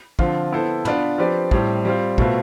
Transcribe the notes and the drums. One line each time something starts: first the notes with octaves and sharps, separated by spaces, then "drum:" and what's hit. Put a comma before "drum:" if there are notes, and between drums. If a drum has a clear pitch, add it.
D3 F3 C4 F4, drum: kick
B3 E4 A4 C5
B3 D4 F4 B4, drum: tom
F3 C4 G4 B4 D5
A2 G3 C4, drum: kick
G3 C4 F4
B2 A3 C4 F4 B4, drum: kick